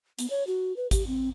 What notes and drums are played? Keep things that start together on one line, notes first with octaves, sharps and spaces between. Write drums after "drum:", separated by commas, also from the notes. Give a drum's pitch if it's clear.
B3, drum: hi-hat
C#5
F#4
B4
G4, drum: kick G#1, hi-hat
C4